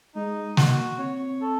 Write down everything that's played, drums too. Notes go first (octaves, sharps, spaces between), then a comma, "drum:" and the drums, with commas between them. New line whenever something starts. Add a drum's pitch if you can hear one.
G#3 D#4
A#3 F#4, drum: snare
C4 C#5
A4